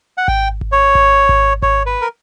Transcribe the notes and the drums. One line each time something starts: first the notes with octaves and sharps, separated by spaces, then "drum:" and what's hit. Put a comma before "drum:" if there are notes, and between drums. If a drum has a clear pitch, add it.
F#5
G5, drum: kick G#1
drum: kick G#1
C#5
drum: kick G#1
drum: kick G#1
C#5, drum: kick G#1
B4
A#4